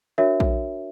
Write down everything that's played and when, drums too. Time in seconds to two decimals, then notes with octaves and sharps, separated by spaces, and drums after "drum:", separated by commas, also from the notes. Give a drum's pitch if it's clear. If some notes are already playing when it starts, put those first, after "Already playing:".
0.18 D4 F#4 A#4 C#5 E5
0.40 drum: kick A#1